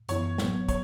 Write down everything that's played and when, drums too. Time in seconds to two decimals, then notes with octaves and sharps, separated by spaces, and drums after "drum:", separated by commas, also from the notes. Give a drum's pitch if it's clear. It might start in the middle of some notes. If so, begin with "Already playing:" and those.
0.09 F#2 E3 B3 E4 C#5, drum: hi-hat
0.38 A1 A2 F#3 B3, drum: snare
0.69 C#5, drum: kick, hi-hat